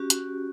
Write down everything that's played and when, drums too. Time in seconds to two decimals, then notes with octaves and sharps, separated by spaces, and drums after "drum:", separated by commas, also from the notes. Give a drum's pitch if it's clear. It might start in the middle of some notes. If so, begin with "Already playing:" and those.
Already playing: C#4 F#4 G4
0.10 F#4, drum: hi-hat